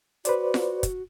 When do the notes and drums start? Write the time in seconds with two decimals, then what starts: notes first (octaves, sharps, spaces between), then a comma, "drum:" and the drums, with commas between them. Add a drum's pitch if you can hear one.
0.25 F#4 B4 C5 D5, drum: hi-hat
0.54 drum: snare F4
0.83 drum: kick, hi-hat